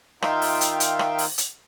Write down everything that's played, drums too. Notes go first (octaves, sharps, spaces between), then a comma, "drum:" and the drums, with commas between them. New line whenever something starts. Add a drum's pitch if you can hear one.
D#3 D#4 F4 E5 F5 G5, drum: rim click
drum: open hi-hat
drum: hi-hat
drum: hi-hat
drum: rim click
drum: open hi-hat
drum: hi-hat